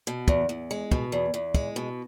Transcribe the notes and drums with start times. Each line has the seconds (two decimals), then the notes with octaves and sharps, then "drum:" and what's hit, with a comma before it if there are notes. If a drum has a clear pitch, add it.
0.07 B2
0.28 E2, drum: kick
0.49 E2
0.71 G#3
0.91 B2, drum: kick
1.12 E2
1.34 E2
1.54 G#3, drum: kick
1.76 B2